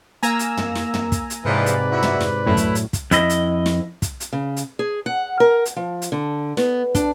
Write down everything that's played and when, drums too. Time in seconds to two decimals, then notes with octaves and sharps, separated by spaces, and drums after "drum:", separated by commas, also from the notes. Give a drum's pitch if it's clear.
0.23 A#3 G#5 A#5 E6, drum: hi-hat
0.39 drum: hi-hat
0.57 drum: tom
0.75 drum: snare
0.94 drum: tom
1.12 drum: kick, hi-hat
1.30 drum: hi-hat
1.45 G#2 C3 E3 F3 G#3 B4 D5
1.66 drum: hi-hat
1.91 E4 F#4
2.02 drum: tom
2.21 drum: snare
2.46 F#2 A2 A3 E4
2.57 drum: kick, hi-hat
2.75 drum: hi-hat
2.93 drum: kick, hi-hat
3.11 F2 E4 D#5, drum: hi-hat
3.30 drum: hi-hat
3.66 drum: snare
4.02 drum: kick, hi-hat
4.20 drum: hi-hat
4.33 C#3
4.57 drum: hi-hat
4.79 G#4
5.06 F#5
5.40 A#4
5.65 drum: hi-hat
5.76 F3
6.02 drum: hi-hat
6.12 D3
6.57 B3, drum: snare
6.95 D4, drum: kick, hi-hat